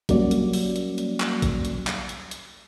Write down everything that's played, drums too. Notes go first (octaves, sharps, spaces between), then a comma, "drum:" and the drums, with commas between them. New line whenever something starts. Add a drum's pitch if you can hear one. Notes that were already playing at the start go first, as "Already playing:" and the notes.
F#3 G3 A#3 C#4 F#4 D5, drum: kick, hi-hat
drum: hi-hat
drum: open hi-hat
drum: hi-hat
drum: hi-hat
drum: clap
drum: kick, hi-hat
drum: hi-hat
drum: clap
drum: hi-hat
drum: hi-hat